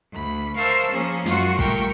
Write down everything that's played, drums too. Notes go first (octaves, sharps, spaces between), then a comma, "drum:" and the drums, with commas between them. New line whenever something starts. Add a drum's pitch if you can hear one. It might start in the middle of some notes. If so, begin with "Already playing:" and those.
D2 B5
A#4 C5 E5 F5 A5 C#6
F3 A#3 C#4 G#4
F#2 F4 F#4 C#6, drum: snare
A#2 G3 A3 A#4 G5 C#6, drum: kick A1